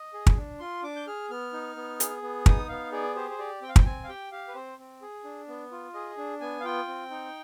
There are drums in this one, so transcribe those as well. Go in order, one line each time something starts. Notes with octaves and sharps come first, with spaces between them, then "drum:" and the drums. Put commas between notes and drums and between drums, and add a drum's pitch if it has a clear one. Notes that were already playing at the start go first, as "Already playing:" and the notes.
Already playing: D#5
G#4
drum: kick
D4
F4 C6
D4 D6
G6
G#4 F6
B3 F6
D#4
B3
G#4, drum: hi-hat
B3
D#4 D#6, drum: kick
B3 F5
G#4 D5
G4 C5
C5
G4 D5
C4 G5
F5
G5, drum: kick
C4 G#5
F5
G4 G5
G4 F5
B4
C4 C5
C4
G#4
D4
B3
F4
G#4 D#5
D4
B3 G#5
F5
F4 G5
C4
D#4